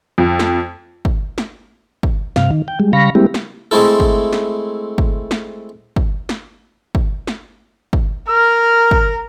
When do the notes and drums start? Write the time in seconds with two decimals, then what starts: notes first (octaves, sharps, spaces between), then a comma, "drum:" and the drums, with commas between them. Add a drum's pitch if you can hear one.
0.18 F2
0.39 drum: snare
1.05 drum: kick
1.38 drum: snare
2.03 drum: kick
2.36 G2 C3 F5, drum: snare
2.51 D#3
2.68 G5
2.80 G3 G#3
2.93 C#3 G3 F5 B5 C#6 A#6
3.15 G3 G#3 A#3 C4 E4 G4
3.34 drum: snare
3.71 G#3 A3 C4 E4 A4
4.00 drum: kick
4.33 drum: snare
4.98 drum: kick
5.31 drum: snare
5.96 drum: kick
6.29 drum: snare
6.95 drum: kick
7.27 drum: snare
7.93 drum: kick
8.29 A#4 F6
8.91 drum: kick